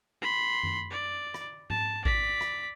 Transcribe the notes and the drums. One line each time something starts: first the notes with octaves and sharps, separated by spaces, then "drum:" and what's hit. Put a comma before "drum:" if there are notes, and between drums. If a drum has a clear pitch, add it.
B5 C6
drum: tom F#2
D5
drum: rim click
A5, drum: tom G#2
D5 B6, drum: kick A1
drum: rim click